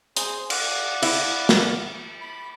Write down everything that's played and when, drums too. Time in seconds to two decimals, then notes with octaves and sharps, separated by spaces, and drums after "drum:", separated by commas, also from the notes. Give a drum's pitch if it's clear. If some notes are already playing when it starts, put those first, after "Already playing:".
0.17 G#4 C5, drum: hi-hat
0.50 D5 F5 F#5, drum: cymbal
1.02 E4, drum: cymbal
1.49 drum: snare
2.21 B5